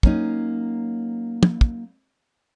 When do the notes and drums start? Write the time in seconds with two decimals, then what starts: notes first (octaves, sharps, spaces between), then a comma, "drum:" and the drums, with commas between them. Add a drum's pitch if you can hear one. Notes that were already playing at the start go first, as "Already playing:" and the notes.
0.03 F#3 A#3 C#4 D#4, drum: kick
1.43 drum: tom
1.61 drum: kick